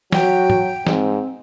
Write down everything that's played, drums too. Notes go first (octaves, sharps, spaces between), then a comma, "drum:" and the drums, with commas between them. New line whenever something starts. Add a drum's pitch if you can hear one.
F#3 F#4 G5, drum: snare
drum: tom G#2
G#2 C4, drum: snare